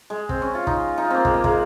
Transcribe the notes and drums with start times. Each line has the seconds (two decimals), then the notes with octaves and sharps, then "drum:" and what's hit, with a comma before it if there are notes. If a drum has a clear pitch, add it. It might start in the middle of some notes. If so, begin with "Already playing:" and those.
0.10 G#3
0.29 C4, drum: kick
0.42 C#4
0.55 F4
0.67 D#4, drum: kick
0.98 D#4
1.05 F4
1.10 A#3 C4
1.25 G#3, drum: kick
1.34 A#3
1.44 G#3, drum: kick